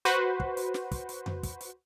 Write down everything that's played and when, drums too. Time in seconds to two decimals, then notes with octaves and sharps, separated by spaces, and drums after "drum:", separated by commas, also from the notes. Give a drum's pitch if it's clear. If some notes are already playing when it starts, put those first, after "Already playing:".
0.05 F#4 B4 C5, drum: hi-hat
0.40 drum: kick
0.57 drum: hi-hat
0.74 drum: snare
0.91 drum: kick, hi-hat
1.09 drum: hi-hat
1.26 drum: tom F2
1.43 drum: kick, hi-hat
1.61 drum: hi-hat